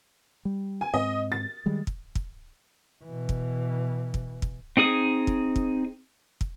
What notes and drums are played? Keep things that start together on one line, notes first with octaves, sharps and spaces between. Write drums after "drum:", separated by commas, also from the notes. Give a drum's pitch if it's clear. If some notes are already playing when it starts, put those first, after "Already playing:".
G3
G#5
G#2 C4 D#5
A6
D#3 G3 G#3
drum: kick
drum: kick
B2 E3
drum: kick
drum: kick
drum: kick
C4 D#4 G#4 D#6
drum: kick
drum: kick
drum: kick